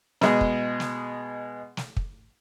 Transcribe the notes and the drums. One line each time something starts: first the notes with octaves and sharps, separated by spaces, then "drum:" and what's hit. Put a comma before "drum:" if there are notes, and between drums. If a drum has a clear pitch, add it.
B2 G#3 G#4, drum: snare
drum: kick
drum: snare
drum: snare
drum: kick